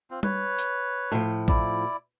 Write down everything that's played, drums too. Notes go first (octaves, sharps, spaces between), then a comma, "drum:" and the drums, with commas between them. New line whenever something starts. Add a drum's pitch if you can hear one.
C4 F4
B4 C#5, drum: tom G3
drum: hi-hat
A2 F3
E4 D5, drum: kick A1